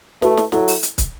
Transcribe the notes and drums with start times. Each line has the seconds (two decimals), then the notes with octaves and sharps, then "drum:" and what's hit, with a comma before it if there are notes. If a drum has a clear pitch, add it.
0.22 A3 F#4 B4, drum: snare
0.37 drum: snare
0.52 F#3 E4 A4, drum: snare
0.68 drum: open hi-hat
0.83 drum: hi-hat
0.98 drum: kick, hi-hat